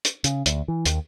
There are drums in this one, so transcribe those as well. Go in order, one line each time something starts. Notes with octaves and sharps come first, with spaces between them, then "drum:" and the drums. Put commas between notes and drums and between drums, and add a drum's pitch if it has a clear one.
drum: hi-hat
C#3, drum: hi-hat
D2, drum: hi-hat
E3
D#2, drum: hi-hat